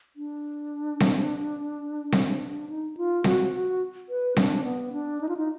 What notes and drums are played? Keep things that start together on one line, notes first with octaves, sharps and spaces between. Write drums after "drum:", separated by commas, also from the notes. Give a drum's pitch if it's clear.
D4
drum: snare C4
drum: snare C4
D#4
F4
F#4, drum: snare C4
F#4
B4
D4, drum: snare C4
B3
D4
D#4
F4
D#4